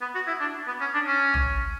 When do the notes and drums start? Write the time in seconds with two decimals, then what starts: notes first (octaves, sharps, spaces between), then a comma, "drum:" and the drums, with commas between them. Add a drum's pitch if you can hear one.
0.01 B3
0.15 F#4
0.27 E4
0.41 D4
0.67 B3
0.81 C#4
0.94 D4
1.07 C#4
1.34 drum: tom A#1